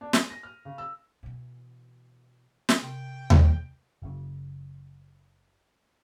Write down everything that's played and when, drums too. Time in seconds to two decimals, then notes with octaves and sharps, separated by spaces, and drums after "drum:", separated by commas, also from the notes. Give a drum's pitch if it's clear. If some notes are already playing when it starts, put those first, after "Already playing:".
0.01 D4
0.13 D#7, drum: snare
0.30 A#6
0.43 F6
0.65 C#3
0.78 E6
1.23 B2 E3
2.69 drum: snare
2.82 C3 G5
3.30 drum: tom D#2
4.02 F#1 C#3